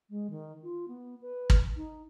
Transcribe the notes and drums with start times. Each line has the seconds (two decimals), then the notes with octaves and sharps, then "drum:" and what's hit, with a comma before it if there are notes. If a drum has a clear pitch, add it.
0.10 G#3
0.30 D#3
0.63 F4
0.88 B3
1.22 B4
1.50 drum: kick
1.76 D#4